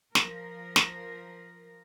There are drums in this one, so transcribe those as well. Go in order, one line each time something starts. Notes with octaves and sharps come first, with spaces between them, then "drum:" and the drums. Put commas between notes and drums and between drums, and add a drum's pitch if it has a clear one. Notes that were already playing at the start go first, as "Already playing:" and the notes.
F3 A#4, drum: snare
drum: snare